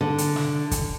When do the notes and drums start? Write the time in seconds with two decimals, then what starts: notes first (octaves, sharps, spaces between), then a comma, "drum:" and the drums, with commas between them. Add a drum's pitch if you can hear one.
0.01 D3
0.18 drum: hi-hat
0.36 drum: snare
0.71 drum: kick, hi-hat